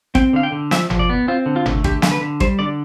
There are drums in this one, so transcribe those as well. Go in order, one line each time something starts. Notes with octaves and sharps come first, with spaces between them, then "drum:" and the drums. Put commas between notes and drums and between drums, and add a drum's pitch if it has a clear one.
C4 G5, drum: kick
D3 F5
G5
D3
F3 E5, drum: snare
F3, drum: tom G1
D5
B3
C4 F4
D3
F4
A3, drum: tom G1
D3 G4, drum: kick
D3, drum: snare
B4
D3
G3 C5, drum: kick
D3 D5